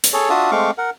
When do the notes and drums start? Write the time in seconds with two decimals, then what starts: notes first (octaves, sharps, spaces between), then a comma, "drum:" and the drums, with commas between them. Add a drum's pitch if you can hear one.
0.04 drum: hi-hat
0.13 G#4 A4 C#5
0.30 D4 F4 F#4 E5 A5 D#6
0.51 G#3 A3 C4 F5 C#6 D6
0.78 A#4 F#5